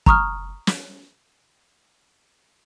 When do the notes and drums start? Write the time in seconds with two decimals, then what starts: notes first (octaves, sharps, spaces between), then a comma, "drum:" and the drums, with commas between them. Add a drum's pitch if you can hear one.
0.06 A#5 C#6 D#6 F6, drum: kick
0.67 drum: snare